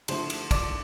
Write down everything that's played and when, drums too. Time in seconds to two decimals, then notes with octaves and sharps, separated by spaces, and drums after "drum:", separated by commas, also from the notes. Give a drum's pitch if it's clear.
0.08 D3 F3 A3 E4 C5 C6, drum: cymbal
0.30 drum: cymbal
0.51 D5 D6, drum: kick, cymbal